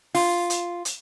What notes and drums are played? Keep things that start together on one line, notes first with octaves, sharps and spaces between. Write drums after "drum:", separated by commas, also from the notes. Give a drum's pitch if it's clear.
F4, drum: open hi-hat
drum: hi-hat
drum: hi-hat